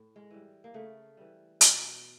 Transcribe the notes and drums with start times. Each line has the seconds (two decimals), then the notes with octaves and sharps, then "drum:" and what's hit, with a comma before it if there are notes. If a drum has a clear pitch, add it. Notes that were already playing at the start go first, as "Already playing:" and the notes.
Already playing: A2
0.16 G#3
0.30 E3 G3
0.64 A#3
0.74 C#3 A3
1.17 E3 G3
1.61 B2, drum: hi-hat